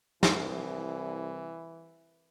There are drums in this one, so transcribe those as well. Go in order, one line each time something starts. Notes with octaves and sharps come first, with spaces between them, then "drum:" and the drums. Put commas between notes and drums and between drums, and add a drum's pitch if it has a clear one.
C2 E3, drum: snare